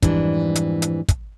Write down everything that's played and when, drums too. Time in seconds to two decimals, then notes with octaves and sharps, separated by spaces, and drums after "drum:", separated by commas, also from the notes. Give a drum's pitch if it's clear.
0.02 F2 G#2 E3 G3 D4, drum: kick, hi-hat
0.55 drum: hi-hat
0.82 drum: hi-hat
1.09 drum: kick, hi-hat